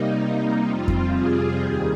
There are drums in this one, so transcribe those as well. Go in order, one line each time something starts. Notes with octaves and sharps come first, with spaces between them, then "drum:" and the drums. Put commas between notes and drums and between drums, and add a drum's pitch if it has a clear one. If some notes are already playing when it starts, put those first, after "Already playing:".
Already playing: C3 G3 A#3 D#4
F2 C3 G3 C4 F4
drum: kick F2
G#4
D#2 D#3 G3